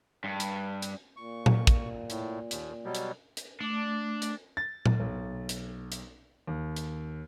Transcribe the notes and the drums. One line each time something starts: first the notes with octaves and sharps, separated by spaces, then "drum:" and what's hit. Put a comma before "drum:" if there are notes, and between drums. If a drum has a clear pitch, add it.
G2
drum: hi-hat
drum: hi-hat
A#2 C#6
drum: tom A#2
drum: kick, hi-hat
A2, drum: hi-hat
D#2, drum: hi-hat
B2 F#3 G3
drum: hi-hat
drum: hi-hat
A3 D4 D6
drum: hi-hat
A6
drum: tom A#2
B1
drum: hi-hat
drum: hi-hat
D#2
drum: hi-hat